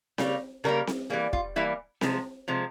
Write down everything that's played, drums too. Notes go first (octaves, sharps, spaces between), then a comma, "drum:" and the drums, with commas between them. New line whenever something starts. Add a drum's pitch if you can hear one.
C#3 G3 A#3, drum: snare C4
C#3 G3 A#3 A#4
drum: snare C4
E3 G3 A#3 G#4
F4, drum: kick
E3 G3 A#3 E4
C3 F3 G#3, drum: snare C4
C3 F3 G#3